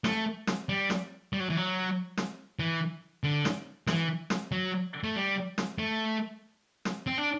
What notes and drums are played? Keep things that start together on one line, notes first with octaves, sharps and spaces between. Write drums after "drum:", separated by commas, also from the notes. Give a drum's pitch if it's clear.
A3, drum: snare
drum: snare
G3
drum: snare
G3
F#3
E3
F#3
drum: snare
E3
D3
drum: snare
E3, drum: snare
drum: snare
F#3
A3
G3
drum: snare
A3
drum: snare
C4
D4